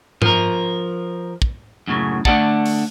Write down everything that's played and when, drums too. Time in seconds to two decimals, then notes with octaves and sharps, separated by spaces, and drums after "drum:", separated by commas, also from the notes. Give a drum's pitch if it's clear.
0.22 F3 A#4, drum: tom G#2
1.42 drum: kick
1.87 F#2 A2 C#3
2.25 D3 A3 G#4 D5 F#5 A5, drum: kick
2.66 drum: open hi-hat